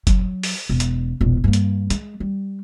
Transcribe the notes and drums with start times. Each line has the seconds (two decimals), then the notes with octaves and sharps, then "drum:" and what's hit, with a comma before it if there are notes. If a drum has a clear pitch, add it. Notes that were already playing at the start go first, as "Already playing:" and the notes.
0.07 F#3, drum: kick F#1, hi-hat
0.43 drum: open hi-hat
0.69 E1
0.80 drum: hi-hat
1.21 E1 A#1
1.44 G2 A#3
1.53 drum: hi-hat
1.90 G#3, drum: hi-hat
2.20 G3